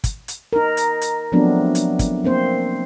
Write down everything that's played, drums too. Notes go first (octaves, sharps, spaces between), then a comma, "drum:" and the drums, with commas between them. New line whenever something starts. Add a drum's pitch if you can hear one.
drum: kick, hi-hat
drum: hi-hat
D#4 A#4
drum: hi-hat
drum: hi-hat
F3 F#3 A3 B3 C4 D4
drum: hi-hat
drum: kick, hi-hat
A#3 C4 C5